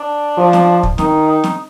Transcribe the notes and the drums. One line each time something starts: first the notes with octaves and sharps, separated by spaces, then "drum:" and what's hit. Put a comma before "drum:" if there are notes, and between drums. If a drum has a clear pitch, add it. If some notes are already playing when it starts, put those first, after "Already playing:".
Already playing: D4
F3
drum: snare
drum: kick
D#3 D#4, drum: snare
D#4
drum: snare